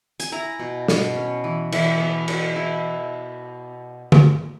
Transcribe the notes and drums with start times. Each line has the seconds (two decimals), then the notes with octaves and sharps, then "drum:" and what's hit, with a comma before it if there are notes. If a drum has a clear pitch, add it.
0.20 G#5, drum: hi-hat
0.32 E4 A#5
0.59 B2
0.88 B2, drum: snare
1.15 C#4
1.44 E3
1.72 E3, drum: cymbal
2.00 B3
2.28 B2, drum: cymbal
2.56 E4
4.12 drum: tom